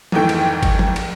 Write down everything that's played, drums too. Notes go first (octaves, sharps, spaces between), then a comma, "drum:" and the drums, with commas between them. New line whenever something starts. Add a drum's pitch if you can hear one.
F1 G#2 D#3 E3 A3 G5, drum: tom F3
drum: cymbal
drum: kick G1, cymbal
drum: tom F3
drum: cymbal